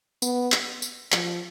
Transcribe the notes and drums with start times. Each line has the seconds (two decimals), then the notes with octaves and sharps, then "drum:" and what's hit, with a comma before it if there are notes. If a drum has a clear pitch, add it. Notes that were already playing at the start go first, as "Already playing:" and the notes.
0.22 B3, drum: tambourine
0.52 drum: clap
0.82 drum: tambourine
1.12 F3, drum: clap